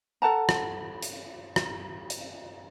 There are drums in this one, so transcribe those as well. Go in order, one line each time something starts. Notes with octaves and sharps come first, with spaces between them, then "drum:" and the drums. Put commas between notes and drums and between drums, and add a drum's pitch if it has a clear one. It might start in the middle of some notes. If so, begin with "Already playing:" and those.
A4 F#5 A5 A#5
drum: rim click
drum: hi-hat
drum: rim click
drum: hi-hat